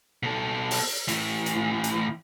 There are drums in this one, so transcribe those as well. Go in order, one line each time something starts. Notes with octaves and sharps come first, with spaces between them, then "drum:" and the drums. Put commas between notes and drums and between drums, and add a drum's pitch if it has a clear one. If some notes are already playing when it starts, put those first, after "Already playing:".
B2 A4
drum: open hi-hat
A2 E3, drum: hi-hat
drum: hi-hat
drum: hi-hat